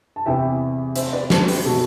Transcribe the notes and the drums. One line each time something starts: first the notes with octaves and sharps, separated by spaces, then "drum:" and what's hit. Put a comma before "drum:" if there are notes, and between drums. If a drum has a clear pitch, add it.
A5
E2 C3 E3 E5 G5
C5 E5, drum: hi-hat
B4 D5
A4 C5, drum: snare
G4 B4, drum: open hi-hat
B2 F#4 A4